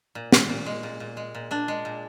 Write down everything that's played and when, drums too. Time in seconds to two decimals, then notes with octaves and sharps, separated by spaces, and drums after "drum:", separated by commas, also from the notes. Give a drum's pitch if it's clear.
0.15 A#2
0.32 A#2, drum: snare
0.49 A#2
0.66 G#3
0.83 A#2
1.00 A#2
1.17 G#3
1.35 A#2
1.51 A#2 D4
1.68 G#3
1.85 A#2